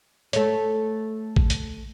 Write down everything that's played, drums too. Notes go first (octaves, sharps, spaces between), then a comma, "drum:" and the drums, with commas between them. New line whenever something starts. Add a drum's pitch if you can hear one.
A3 C#5, drum: hi-hat
drum: kick A1
drum: hi-hat